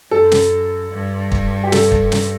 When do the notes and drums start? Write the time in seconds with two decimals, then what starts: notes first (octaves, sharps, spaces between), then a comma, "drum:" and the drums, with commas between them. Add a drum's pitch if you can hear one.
0.11 F#2 A4
0.31 drum: snare
0.91 G2
1.32 drum: kick
1.64 G4
1.72 A4, drum: snare
1.92 drum: kick
2.12 drum: snare